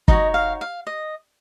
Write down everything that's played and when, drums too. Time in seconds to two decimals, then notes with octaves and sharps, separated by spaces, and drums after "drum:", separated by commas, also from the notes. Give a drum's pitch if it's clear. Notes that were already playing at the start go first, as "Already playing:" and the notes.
0.08 D#4 F#4 C#5 D#5, drum: kick
0.34 F5
0.61 F5
0.87 D#5